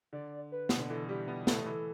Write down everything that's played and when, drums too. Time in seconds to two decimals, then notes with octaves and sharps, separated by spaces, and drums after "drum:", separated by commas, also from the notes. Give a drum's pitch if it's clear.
0.13 D3 D5
0.52 B4
0.69 B2, drum: snare
0.79 D3
0.89 E3 A4
1.09 G3 G4
1.28 B3 G4
1.47 A3 A4, drum: snare
1.66 E3